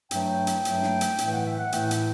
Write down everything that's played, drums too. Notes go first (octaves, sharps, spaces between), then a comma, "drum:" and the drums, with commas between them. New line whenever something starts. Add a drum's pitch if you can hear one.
G2 F#3 A3 G5, drum: hi-hat
drum: hi-hat
G2 F#3 A3, drum: hi-hat
drum: snare
drum: hi-hat
A2 E3 A3 G5, drum: hi-hat
F#5
E5
F#5
A2 E3 A3 G5, drum: hi-hat
drum: hi-hat